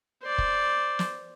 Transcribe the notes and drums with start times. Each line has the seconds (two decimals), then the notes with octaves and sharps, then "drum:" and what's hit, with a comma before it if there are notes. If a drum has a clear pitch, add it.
0.23 C5 D5
0.38 drum: kick
0.99 drum: snare